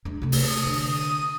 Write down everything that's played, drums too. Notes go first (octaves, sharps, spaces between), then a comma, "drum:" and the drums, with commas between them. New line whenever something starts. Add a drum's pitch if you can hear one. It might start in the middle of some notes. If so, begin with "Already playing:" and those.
G#3 D4
C3 A3
drum: open hi-hat
D#6
D3 D4
D#6